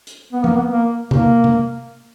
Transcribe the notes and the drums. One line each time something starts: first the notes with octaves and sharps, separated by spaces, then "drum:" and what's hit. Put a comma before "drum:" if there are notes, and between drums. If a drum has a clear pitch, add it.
drum: hi-hat
B3
A#3, drum: tom
B3
A#3
A#3, drum: tom C3
drum: tom C3